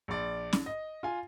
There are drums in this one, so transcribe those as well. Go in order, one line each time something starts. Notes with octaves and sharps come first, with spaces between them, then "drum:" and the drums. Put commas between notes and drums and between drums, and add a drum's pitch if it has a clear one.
A#1 D5
drum: snare C#4
D#5
F4 G#5